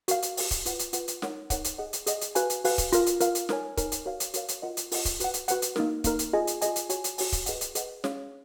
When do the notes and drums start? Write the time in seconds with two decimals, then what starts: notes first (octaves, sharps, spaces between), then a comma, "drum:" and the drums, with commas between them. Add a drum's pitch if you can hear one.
0.08 F#4 A#4 F5, drum: hi-hat
0.22 drum: hi-hat
0.37 F#4 A#4 F5, drum: open hi-hat
0.51 drum: kick C#1, hi-hat
0.66 F4 B4 F#5, drum: hi-hat
0.79 drum: hi-hat
0.93 F4 B4 F#5, drum: hi-hat
1.08 drum: hi-hat
1.22 D#4 A#4 C#5 F#5, drum: snare
1.50 D#4 A#4 C#5 F#5, drum: kick C#1, hi-hat
1.64 drum: hi-hat
1.78 G#4 D#5 F#5
1.93 drum: hi-hat
2.07 G#4 D#5 F#5, drum: hi-hat
2.21 drum: hi-hat
2.35 F#4 B4 F5 G#5, drum: hi-hat
2.50 drum: hi-hat
2.64 F#4 B4 F5 G#5, drum: open hi-hat
2.78 drum: kick C#1, hi-hat
2.92 F4 A#4 F5, drum: hi-hat
3.06 drum: hi-hat
3.20 F4 A#4 F5, drum: hi-hat
3.35 drum: hi-hat
3.49 D#4 A#4 C#5 G#5, drum: snare
3.77 D#4 A#4 C#5 G#5, drum: kick C#1, hi-hat
3.92 drum: hi-hat
4.06 F#4 A#4 C#5 F5
4.20 drum: hi-hat
4.34 F#4 A#4 C#5 F5, drum: hi-hat
4.48 drum: hi-hat
4.62 F4 A#4 D#5 F#5
4.77 drum: hi-hat
4.92 F4 A#4 D#5 F#5, drum: open hi-hat
5.05 drum: kick C#1, hi-hat
5.20 F#4 B4 F#5, drum: hi-hat
5.34 drum: hi-hat
5.48 F#4 B4 F#5, drum: hi-hat
5.62 drum: hi-hat
5.76 A#3 D#4 A#4, drum: snare
6.04 A#3 D#4 A#4, drum: kick C#1, hi-hat
6.19 drum: hi-hat
6.33 F4 G#4 D#5 G#5
6.47 drum: hi-hat
6.61 F4 G#4 D#5 G#5, drum: hi-hat
6.76 drum: hi-hat
6.90 F#4 C#5 G#5, drum: hi-hat
7.04 drum: hi-hat
7.18 F#4 C#5 G#5, drum: open hi-hat
7.32 drum: kick C#1, hi-hat
7.46 G#4 B4 D#5 F#5, drum: hi-hat
7.61 drum: hi-hat
7.75 G#4 B4 D#5 F#5, drum: hi-hat
8.04 C#4 G#4 C#5 F5, drum: snare